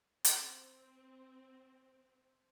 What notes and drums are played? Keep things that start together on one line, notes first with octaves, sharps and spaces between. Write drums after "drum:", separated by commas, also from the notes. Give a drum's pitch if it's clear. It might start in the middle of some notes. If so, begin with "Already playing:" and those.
C4, drum: hi-hat